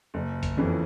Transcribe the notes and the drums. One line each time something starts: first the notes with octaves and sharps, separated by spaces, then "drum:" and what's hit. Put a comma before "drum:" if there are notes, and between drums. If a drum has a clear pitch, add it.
F#1
drum: kick, hi-hat
F2 C#3 E3